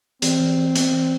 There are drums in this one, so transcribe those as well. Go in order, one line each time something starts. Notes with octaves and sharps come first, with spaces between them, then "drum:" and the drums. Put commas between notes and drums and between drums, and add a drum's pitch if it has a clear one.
E3 C4, drum: hi-hat
E3
E3
B3, drum: hi-hat
E3